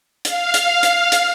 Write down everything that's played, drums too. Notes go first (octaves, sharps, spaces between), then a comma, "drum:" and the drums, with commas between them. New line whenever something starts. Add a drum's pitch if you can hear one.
F5, drum: hi-hat
drum: hi-hat
drum: hi-hat
drum: hi-hat